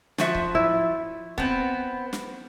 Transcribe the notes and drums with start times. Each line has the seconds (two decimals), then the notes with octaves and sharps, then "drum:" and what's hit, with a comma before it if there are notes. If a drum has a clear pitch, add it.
0.18 F3 F#4 E5, drum: snare
0.35 drum: kick C#1
0.55 E4
1.38 B3 C4, drum: kick C#1
2.13 drum: snare